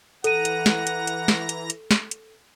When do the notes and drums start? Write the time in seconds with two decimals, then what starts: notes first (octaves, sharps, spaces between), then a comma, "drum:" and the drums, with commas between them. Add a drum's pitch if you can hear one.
0.24 E3 A4 F#5 A#5 A#6 D#7, drum: hi-hat
0.45 drum: hi-hat
0.66 drum: snare
0.87 drum: hi-hat
1.07 drum: hi-hat
1.28 drum: snare
1.49 drum: hi-hat
1.70 drum: hi-hat
1.91 drum: snare
2.11 drum: hi-hat